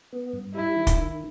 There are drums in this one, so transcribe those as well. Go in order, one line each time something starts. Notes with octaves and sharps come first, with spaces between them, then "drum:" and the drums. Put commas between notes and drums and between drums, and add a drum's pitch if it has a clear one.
B3
G2
G3 E4
D#3
drum: kick, hi-hat
D#3